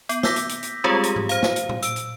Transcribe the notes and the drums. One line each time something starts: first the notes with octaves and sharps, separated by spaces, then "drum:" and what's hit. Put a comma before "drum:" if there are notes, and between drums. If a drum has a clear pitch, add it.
B3, drum: hi-hat
D6 E6 G6 A#6 B6, drum: snare
drum: hi-hat
drum: hi-hat
drum: hi-hat
G3 G#3 C4 F4 G4 G#4
G4, drum: hi-hat
drum: tom G#2
C5 F5, drum: hi-hat
drum: snare
drum: hi-hat
drum: tom A2
E6 D7, drum: hi-hat
drum: hi-hat